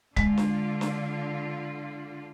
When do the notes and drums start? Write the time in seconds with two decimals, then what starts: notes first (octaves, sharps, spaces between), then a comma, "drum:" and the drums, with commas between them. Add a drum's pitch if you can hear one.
0.16 D3 G#3 D4 F4, drum: kick C#1
0.38 drum: snare
0.81 drum: snare